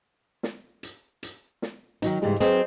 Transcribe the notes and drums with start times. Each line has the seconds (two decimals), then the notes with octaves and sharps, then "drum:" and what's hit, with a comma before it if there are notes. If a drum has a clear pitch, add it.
0.43 drum: snare
0.83 drum: hi-hat
1.23 drum: hi-hat
1.62 drum: snare
2.02 D#3 F#3 D#4, drum: hi-hat
2.22 G#2 C#3 E3 G3 G#3 E4
2.40 F#3 C4 G#4 B4 D#5, drum: hi-hat